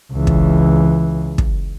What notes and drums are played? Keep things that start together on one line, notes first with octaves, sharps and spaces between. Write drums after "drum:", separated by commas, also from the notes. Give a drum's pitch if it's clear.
C#2 E3
drum: kick
drum: kick